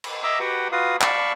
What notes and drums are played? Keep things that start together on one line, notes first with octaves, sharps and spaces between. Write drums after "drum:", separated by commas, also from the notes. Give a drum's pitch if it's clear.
drum: cymbal
D#5 E5 A#5 D6 E6
F#4 G4 B4 F#5 G5
F4 F#4 B4 F5 D#6
D5 F5 A5 B5 C#6, drum: clap